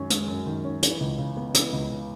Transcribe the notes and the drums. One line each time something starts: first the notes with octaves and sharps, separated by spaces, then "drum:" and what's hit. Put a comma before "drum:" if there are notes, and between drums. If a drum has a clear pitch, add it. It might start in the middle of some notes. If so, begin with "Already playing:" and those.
Already playing: F#2 D#3 G#3 C#4
G#3, drum: hi-hat
F#2
D#3
C#4
E3, drum: hi-hat
C#2
C#3
B3
E3, drum: hi-hat
C#2
C#3